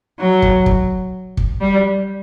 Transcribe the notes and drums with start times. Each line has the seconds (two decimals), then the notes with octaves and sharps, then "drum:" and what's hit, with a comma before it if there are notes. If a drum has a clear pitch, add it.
0.19 F#3
0.42 drum: kick
0.66 drum: kick
1.37 drum: kick
1.61 G3